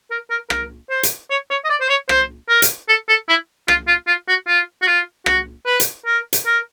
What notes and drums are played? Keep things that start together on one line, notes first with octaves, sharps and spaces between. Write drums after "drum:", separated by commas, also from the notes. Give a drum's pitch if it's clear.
A#4
A#4
A#4, drum: rim click
C5
drum: hi-hat
C#5
C#5
D#5
D5
C5
C#5
C5, drum: rim click
A#4
drum: hi-hat
A4
A4
E4
F4, drum: rim click
F4
F4
F#4
F4
F#4
F4
F#4, drum: rim click
B4
drum: hi-hat
A#4
drum: hi-hat
A#4